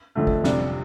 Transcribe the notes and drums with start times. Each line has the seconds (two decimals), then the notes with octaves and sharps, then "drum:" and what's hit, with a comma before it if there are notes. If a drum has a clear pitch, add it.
0.15 F2 D3 A3
0.27 drum: kick G1
0.44 F2 C3 G3 D4, drum: snare